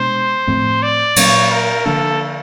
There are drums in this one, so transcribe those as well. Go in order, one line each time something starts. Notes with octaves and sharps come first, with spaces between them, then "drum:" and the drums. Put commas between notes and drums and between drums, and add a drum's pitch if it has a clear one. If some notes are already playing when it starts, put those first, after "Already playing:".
Already playing: B2 G#3 B3 D4 C5
A2 F3 A3 C4
D5
A#2 F#3 A#3 C#4 C#5, drum: cymbal
A#4
D3 F3 A#3 D4 A4